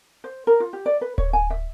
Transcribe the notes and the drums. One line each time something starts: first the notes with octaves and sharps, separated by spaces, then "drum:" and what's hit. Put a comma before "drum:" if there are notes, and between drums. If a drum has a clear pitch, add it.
C5
A#4
F4
G4
D5
B4
C#5, drum: kick D1
G#5
E5